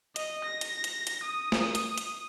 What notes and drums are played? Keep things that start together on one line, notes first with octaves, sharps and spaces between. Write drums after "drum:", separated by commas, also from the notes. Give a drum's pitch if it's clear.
D#5, drum: hi-hat
A#6
drum: hi-hat
drum: hi-hat
drum: hi-hat
D#6
drum: snare
drum: hi-hat
drum: hi-hat